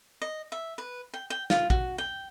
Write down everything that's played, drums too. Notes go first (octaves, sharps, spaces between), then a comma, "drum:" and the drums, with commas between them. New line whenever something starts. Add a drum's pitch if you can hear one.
D#5
E5
B4
G5
G5
F4, drum: snare
F#4, drum: kick A#1
G5